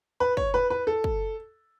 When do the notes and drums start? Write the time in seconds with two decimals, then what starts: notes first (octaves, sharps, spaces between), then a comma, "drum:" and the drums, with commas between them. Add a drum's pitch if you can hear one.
0.20 B4
0.37 C#5, drum: kick
0.54 B4
0.70 B4
0.87 A4
1.04 drum: kick